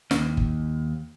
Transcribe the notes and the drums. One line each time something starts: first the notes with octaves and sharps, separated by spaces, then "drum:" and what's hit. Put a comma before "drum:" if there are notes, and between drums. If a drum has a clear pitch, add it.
D#2, drum: snare
drum: kick G1